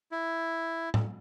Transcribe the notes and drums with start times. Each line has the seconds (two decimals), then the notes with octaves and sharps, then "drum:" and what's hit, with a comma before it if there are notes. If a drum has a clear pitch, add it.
0.12 E4
0.94 drum: tom A2